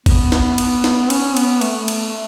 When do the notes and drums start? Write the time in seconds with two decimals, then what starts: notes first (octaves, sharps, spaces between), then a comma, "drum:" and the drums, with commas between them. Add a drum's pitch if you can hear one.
0.06 B3, drum: kick, cymbal
0.32 drum: snare
0.58 drum: cymbal
0.84 drum: snare
1.10 C#4, drum: cymbal
1.37 B3, drum: cymbal
1.61 A3, drum: cymbal
1.88 drum: cymbal